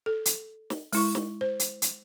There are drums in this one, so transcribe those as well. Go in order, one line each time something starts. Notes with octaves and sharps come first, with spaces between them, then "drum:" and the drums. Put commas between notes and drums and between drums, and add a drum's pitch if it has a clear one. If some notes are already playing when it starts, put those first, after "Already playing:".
A4
drum: hi-hat
drum: snare
G#3 E4 C#6, drum: open hi-hat
drum: snare
C5
drum: hi-hat
drum: hi-hat